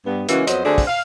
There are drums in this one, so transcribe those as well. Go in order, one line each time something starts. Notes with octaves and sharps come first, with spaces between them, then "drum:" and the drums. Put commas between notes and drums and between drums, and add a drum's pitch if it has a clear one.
G2 B3
C#3 E3 G#3 A#3 C#4 F#4, drum: hi-hat
F2 F#3 B3 C5 D#5, drum: hi-hat
D3 A3 C4 D4 F#4 G#4
drum: kick, open hi-hat
F5